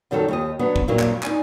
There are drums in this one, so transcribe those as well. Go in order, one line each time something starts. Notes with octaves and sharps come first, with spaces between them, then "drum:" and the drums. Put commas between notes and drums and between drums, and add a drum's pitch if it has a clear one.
F#2 D#3 F#3 G3 A4
D#2 G4 D#5
F#3 B3 D4
drum: kick
G2 A#2 F#3 A#3 E4
drum: clap
D#4 D5 G#5, drum: clap